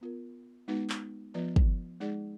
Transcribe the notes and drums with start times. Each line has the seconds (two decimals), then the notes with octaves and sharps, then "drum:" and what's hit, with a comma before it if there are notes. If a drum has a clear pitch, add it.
0.01 B3 F4 A#4
0.68 G#3 B3 D#4 F#4 B4
0.90 drum: clap
1.34 F3 B3 F4 B4 D5
1.56 drum: kick
2.00 G#3 D#4 G#4 D5